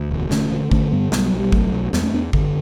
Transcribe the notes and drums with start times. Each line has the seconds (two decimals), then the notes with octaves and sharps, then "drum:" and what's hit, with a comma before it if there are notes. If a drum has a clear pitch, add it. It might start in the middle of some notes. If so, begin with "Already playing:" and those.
Already playing: D2
0.11 E1
0.31 D3 A3 C#4, drum: snare
0.52 D3
0.71 D3 A3 C#4, drum: kick
0.92 G2 G3 B3
1.12 B1 G3 B3, drum: snare
1.26 F#3
1.33 B2
1.40 G3
1.52 B1 F#3 A3, drum: kick
1.73 B1
1.93 E2 G3 B3, drum: snare
2.03 A3 C#4
2.13 E2 B3 D4
2.33 F#1 D3, drum: kick